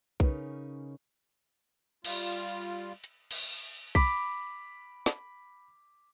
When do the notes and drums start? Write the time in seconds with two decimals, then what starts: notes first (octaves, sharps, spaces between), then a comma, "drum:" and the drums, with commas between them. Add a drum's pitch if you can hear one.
0.20 C#3 C#4 D#4 A#4 B4, drum: kick B1
2.05 G3 F4, drum: cymbal
3.04 drum: hi-hat
3.31 drum: cymbal
3.95 B5 D6 B6, drum: kick B1
5.06 drum: snare